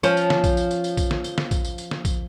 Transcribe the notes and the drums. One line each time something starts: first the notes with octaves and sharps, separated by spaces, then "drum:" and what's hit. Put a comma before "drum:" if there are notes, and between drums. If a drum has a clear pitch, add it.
F3 C#4, drum: tambourine
drum: tambourine
drum: snare
drum: kick, tambourine
drum: tambourine
drum: tambourine
drum: tambourine
drum: kick, tambourine
drum: snare
drum: tambourine
drum: snare
drum: kick, tambourine
drum: tambourine
drum: tambourine
drum: snare
drum: kick, tambourine